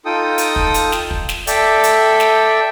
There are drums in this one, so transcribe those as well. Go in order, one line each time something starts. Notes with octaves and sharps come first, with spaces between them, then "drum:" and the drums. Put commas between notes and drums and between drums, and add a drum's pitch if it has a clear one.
D#4 F4 A4 G5 D#6
drum: hi-hat
drum: kick
drum: hi-hat
drum: snare
drum: kick
drum: snare
A4 D5 E5 G5, drum: hi-hat
drum: hi-hat
drum: snare